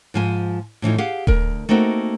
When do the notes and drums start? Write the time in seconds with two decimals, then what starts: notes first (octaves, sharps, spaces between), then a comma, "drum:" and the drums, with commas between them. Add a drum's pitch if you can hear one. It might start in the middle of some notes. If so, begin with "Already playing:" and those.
0.14 G#2 F3 G#5
0.82 A2 E3 F3 D#4
0.98 G4 G#4 F5 F#5
1.27 D2 A#4, drum: kick D#1
1.69 A3 A#3 C4 D#4 F#4